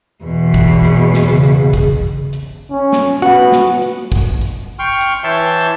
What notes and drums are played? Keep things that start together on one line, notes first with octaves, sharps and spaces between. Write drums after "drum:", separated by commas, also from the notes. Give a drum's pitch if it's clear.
E2 B2
drum: kick, hi-hat
drum: hi-hat
drum: snare
C#3
drum: hi-hat
drum: kick, hi-hat
drum: hi-hat
C#4
drum: snare
B3 F#4, drum: hi-hat
drum: snare
drum: hi-hat
drum: kick, hi-hat
drum: hi-hat
G5 C6 C#6 F6
drum: hi-hat
E3 C#5 E5 A5 C6 G6
drum: hi-hat